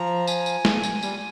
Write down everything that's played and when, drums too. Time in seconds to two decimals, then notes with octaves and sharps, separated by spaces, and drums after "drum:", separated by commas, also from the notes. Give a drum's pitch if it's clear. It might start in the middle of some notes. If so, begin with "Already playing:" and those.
Already playing: F3 A#5
0.27 G#5, drum: tambourine
0.46 drum: tambourine
0.65 drum: snare
0.83 drum: tambourine
1.03 G3, drum: tambourine